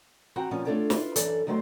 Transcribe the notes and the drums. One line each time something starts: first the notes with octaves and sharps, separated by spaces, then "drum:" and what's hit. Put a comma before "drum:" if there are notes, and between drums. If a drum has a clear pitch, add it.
E3 C4 F#4 F#5 G5 A#5
A#2 F3 C#4
A3 D4 F4 A4 C#5 D5
E4 F4 B4, drum: snare
F#2 E3 A4 D5, drum: hi-hat
E2 D#3 F#3 A3 B4 C5